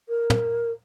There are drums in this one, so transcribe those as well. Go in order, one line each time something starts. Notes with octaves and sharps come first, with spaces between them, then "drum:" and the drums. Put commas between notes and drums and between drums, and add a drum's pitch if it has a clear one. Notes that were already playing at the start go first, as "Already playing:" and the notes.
A#4
drum: tom